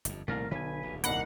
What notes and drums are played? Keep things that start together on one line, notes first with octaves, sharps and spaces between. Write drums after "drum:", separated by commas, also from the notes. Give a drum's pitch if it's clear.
G1 F2, drum: hi-hat
C2 A#2 D#3 A3 C4 A#4 F5
B1 D3 B4 G#5
D#1 D2
C2 A#3 D#4 F#5 B5, drum: hi-hat